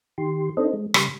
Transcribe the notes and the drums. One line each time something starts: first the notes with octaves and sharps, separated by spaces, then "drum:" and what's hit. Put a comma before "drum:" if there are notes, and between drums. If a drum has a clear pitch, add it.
D#3 G4 C6
C4 D4 D#4 A4 C5 D#5
G#3
C#3 G3, drum: rim click